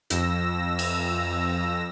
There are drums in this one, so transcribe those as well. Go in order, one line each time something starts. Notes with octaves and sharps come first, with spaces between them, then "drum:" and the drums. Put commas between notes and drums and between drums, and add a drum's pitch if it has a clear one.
F2 E6 A#6, drum: hi-hat
drum: cymbal